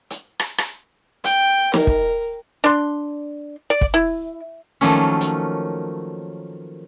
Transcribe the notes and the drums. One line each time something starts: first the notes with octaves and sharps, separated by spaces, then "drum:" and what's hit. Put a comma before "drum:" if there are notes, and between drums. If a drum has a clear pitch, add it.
drum: hi-hat
drum: rim click
drum: rim click
G5, drum: hi-hat
A#4, drum: snare
drum: kick
D4 C6
D5
drum: kick
E4
D#3 F3 F#3 A3 A#3 C#4
drum: hi-hat